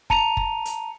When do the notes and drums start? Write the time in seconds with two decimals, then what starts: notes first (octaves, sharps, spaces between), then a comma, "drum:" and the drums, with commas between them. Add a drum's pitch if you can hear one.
0.10 A5 A#5 C#7 D#7 F7, drum: kick
0.37 drum: kick
0.65 drum: hi-hat